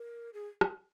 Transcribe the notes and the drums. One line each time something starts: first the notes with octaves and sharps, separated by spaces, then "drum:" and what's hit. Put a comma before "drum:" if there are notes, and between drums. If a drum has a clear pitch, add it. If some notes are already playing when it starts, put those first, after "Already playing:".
Already playing: A#4
G#4
drum: rim click